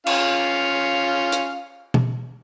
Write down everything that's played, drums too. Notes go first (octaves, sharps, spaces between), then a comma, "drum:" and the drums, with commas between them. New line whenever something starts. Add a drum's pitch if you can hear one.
C#4 F4 F5, drum: cymbal
drum: hi-hat
drum: tom